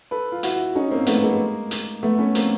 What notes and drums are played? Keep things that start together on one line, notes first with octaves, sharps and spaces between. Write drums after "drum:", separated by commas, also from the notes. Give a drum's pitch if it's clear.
A4 B4
F4
E4 F#4, drum: hi-hat
C#4 D#4
A#3 C4
A3 B3, drum: hi-hat
B3
G#3 A#3
drum: hi-hat
A3 B3
B3 C#4
A#3 C4, drum: hi-hat